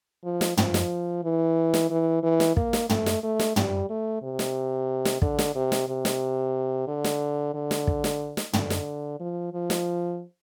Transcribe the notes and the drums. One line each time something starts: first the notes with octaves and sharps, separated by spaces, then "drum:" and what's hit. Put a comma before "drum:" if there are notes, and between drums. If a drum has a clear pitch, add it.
F3
drum: snare
F3, drum: tom
drum: snare
E3
drum: snare
E3
E3
drum: snare
A#3, drum: kick
drum: snare
A3, drum: tom
drum: snare
A3
drum: snare
G3, drum: tom
A3
C3
drum: snare
drum: snare
D3, drum: kick
drum: snare
C3
drum: snare
C3
drum: snare
D3
drum: snare
D3
drum: snare
drum: kick
drum: snare
drum: snare
D3, drum: tom
drum: snare
F3
F3
drum: snare